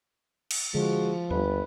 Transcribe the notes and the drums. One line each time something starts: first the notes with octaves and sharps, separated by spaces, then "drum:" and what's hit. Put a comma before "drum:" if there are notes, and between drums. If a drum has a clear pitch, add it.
drum: cymbal
D3 F3 G#3 F#4
G1 D#2 G3 B4